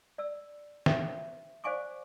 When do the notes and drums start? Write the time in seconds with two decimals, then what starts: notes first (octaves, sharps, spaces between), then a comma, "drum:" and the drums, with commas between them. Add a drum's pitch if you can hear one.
0.18 D5 E6
0.86 E5, drum: snare
1.64 C5 D5 F5 G#5 C#6 D6